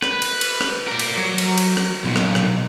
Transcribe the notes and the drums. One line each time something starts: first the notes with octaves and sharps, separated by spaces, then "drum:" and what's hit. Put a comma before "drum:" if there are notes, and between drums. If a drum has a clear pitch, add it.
B4, drum: rim click
drum: cymbal
drum: cymbal
drum: rim click
A#4 D5
drum: cymbal
F#3
drum: cymbal
drum: cymbal
drum: rim click
B1 A#2
drum: rim click
drum: rim click